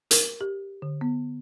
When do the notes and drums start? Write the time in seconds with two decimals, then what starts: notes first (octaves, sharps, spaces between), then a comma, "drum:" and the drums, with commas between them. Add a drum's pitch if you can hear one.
0.11 A#4, drum: hi-hat
0.41 G4
0.82 D3
1.01 B3